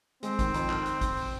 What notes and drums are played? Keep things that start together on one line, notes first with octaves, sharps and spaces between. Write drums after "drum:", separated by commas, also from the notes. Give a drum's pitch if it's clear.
G#3 C4, drum: hi-hat
D#3, drum: kick, hi-hat
F2, drum: hi-hat
D#3, drum: clap
drum: hi-hat
drum: kick, hi-hat
drum: open hi-hat